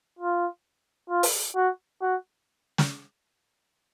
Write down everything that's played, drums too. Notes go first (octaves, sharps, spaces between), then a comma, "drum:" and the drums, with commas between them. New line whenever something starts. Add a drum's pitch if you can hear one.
F4
F4
drum: open hi-hat
F#4
F#4
drum: snare